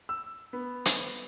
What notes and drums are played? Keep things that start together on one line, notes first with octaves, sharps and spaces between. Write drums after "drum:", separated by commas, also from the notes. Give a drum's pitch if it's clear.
E6
B3
drum: hi-hat